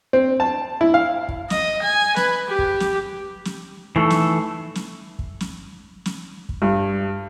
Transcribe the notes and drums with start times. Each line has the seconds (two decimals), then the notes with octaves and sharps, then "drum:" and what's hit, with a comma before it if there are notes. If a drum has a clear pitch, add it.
0.13 C4
0.40 A5
0.81 E4
0.94 F5
1.29 drum: kick
1.50 D#5, drum: snare
1.82 G#5
2.16 B4, drum: snare
2.48 G4
2.59 drum: kick
2.80 drum: snare
3.45 drum: snare
3.96 E3 A3 D#4 A4 C#6 C7
4.10 drum: snare
4.75 drum: snare
5.19 drum: kick
5.40 drum: snare
6.06 drum: snare
6.49 drum: kick
6.62 G2